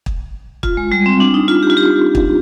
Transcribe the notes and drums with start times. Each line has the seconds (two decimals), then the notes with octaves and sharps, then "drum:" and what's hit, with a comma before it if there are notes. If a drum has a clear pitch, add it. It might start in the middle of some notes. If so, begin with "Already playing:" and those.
0.06 drum: kick
0.63 F4, drum: kick
0.77 G#3
0.92 G3
1.06 C4
1.20 D4
1.34 D#4
1.48 F4
1.63 G4
1.70 F4
1.77 G4
2.15 drum: kick